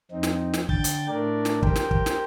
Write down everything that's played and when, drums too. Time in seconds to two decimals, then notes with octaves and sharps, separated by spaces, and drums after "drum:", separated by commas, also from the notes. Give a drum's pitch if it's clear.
0.11 F2 C4 D#4
0.23 drum: snare
0.54 drum: snare
0.69 D3 G5 G6 A6, drum: kick
0.84 drum: hi-hat
1.09 A2 A3 D4 A#4 D5
1.45 drum: snare
1.63 G4 A#4 C5 G5, drum: kick
1.76 drum: snare
1.91 drum: kick
2.06 drum: snare